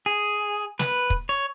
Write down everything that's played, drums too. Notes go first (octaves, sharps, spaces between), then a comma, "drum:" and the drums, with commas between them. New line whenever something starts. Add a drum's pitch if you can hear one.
G#4
B4, drum: snare
drum: kick
C#5